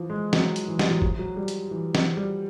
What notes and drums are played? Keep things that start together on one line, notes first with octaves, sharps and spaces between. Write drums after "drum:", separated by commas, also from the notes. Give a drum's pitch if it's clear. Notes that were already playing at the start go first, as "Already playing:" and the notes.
Already playing: E3 F3
G#3
F#3, drum: snare
drum: hi-hat
E3
G3, drum: snare
F#3
F3, drum: kick
F#3
G3
drum: hi-hat
E3
F3, drum: snare
G3